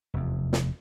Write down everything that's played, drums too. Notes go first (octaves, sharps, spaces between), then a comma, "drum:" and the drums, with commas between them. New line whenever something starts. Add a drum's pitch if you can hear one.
F1 E2
drum: snare